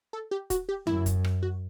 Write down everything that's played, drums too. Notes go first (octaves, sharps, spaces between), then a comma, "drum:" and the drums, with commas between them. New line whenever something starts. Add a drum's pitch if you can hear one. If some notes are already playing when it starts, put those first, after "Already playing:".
A4
G4
F#4, drum: kick, hi-hat
G4
F#2 E4, drum: tom F#2
drum: kick, hi-hat
drum: rim click
F#4